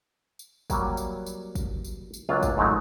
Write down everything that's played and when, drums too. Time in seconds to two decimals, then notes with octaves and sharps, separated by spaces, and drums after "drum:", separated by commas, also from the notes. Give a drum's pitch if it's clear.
0.39 drum: tambourine
0.70 F#3 G3 A#3, drum: kick, tambourine
0.97 drum: tambourine
1.26 drum: tambourine
1.55 drum: kick, tambourine
1.84 drum: tambourine
2.14 drum: tambourine
2.29 C#2 F#3 A#3 D4 F4
2.43 drum: kick, tambourine
2.57 G#2 F#3 G#3 A3 D#4